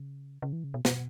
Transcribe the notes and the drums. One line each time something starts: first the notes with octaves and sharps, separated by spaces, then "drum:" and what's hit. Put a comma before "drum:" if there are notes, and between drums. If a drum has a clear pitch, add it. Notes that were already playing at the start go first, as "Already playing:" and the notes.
Already playing: C#3
C#3
E3
C#3
B2
B2, drum: snare